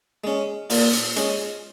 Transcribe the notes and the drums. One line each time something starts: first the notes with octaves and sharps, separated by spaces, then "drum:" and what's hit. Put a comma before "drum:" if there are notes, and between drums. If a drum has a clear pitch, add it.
G#3 C#4
A#2 F4, drum: open hi-hat
drum: hi-hat
G#3 C#4, drum: hi-hat